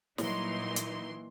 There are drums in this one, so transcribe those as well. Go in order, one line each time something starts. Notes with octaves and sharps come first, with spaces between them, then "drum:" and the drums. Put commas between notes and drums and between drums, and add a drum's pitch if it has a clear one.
A#2 E3 F#3 G3 D#4 C6, drum: snare
drum: hi-hat